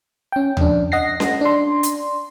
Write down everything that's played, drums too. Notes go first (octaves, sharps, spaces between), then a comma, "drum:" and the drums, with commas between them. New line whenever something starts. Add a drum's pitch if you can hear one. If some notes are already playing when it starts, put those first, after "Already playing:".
C#4 G5
F2 D4, drum: tom D2
D#5 F#5 A#6 C7
drum: snare C#4
D4 C6
drum: hi-hat